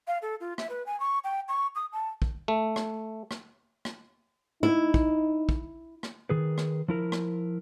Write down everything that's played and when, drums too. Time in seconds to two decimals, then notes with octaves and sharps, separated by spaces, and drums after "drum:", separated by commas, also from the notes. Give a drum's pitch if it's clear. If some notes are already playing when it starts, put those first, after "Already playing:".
0.08 F5
0.22 A4
0.40 F4
0.58 E5, drum: rim click
0.69 B4
0.86 G#5
1.00 C#6
1.24 G5
1.49 C#6
1.75 D#6
1.93 A5
2.22 drum: kick
2.48 A3
2.76 drum: rim click
3.31 drum: rim click
3.85 drum: rim click
4.63 D#4 E4
4.94 drum: kick
5.49 drum: kick
6.03 drum: rim click
6.30 D#3 G#4 B4
6.58 drum: rim click
6.88 F3 E4 A#4
7.12 drum: rim click